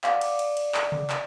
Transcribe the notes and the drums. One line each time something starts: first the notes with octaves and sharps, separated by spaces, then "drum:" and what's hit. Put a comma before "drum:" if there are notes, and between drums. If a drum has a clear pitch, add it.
D5 D#5 F5 F#5, drum: clap
drum: cymbal
drum: cymbal
drum: cymbal
drum: clap
drum: tom C3
drum: clap